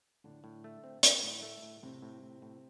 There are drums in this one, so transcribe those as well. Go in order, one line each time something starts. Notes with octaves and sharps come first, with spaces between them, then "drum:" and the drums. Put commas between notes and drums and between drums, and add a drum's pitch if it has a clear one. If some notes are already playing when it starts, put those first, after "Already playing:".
A2 D3 D4
A2
A3
C4
C4, drum: hi-hat
A2
A3
A2
A2 C3 C4
A2
A2
A2